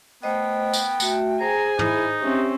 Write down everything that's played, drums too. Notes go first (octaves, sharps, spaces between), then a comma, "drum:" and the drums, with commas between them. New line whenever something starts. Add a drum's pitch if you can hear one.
A3 B3 C5 D#5 G5
drum: tambourine
A3 F#4 E5, drum: tambourine
G#4 C5 G#5 A#5
D#4 E4, drum: tom
C4 C#4 G4 E5